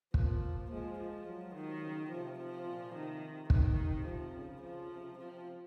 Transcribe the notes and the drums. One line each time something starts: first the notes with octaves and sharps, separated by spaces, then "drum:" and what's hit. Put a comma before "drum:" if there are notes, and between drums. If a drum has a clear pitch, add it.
F3 A#3, drum: kick
F3 G#3
F3
F#3
D#3
C#3
C3 F3
F3
A#2
C3 D#3
C3 D#3, drum: kick
C3
F3
C#3
F3
C3
C3 F3